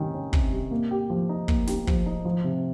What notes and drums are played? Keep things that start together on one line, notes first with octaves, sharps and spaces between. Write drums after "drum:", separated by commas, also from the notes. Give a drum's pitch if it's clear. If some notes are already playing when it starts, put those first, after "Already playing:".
Already playing: C3 D#3 G3 C#4
C#4
C3, drum: kick
G3
A#3
G4
F3
D#4
A#3, drum: kick
G4, drum: snare
F3, drum: kick
D#4
F3
C3